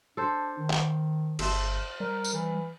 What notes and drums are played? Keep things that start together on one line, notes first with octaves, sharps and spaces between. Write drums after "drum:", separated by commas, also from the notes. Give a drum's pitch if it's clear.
D4 A4 C5
D#3
drum: clap
G1 A4 C5 E5, drum: cymbal
G3 A#4
drum: tambourine
E3